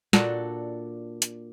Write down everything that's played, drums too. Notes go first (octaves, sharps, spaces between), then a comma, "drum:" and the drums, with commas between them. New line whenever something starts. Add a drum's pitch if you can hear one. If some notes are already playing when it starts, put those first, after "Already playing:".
A#2 D4 F#4 A4, drum: snare
drum: hi-hat